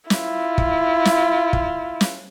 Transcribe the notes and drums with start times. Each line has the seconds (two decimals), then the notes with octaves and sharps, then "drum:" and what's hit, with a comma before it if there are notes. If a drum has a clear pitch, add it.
0.10 E4 F4, drum: snare
0.58 drum: kick
1.05 drum: snare
1.53 drum: kick
2.01 drum: snare